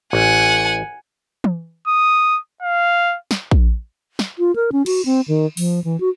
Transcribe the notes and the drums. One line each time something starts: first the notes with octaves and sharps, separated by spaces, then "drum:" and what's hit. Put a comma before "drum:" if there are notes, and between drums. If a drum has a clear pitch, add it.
A1 F#5 G#5
drum: tom E3
D#6
F5
drum: snare
drum: kick A#1
drum: snare
F4
A#4
C#4
F#4, drum: cymbal
C4
D#3
F3, drum: open hi-hat
E3
F#4